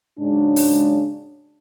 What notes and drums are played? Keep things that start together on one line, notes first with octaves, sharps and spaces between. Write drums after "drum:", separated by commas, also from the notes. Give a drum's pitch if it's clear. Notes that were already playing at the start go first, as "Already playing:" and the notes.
G#2 C#3 F#3 G#3 D4
drum: open hi-hat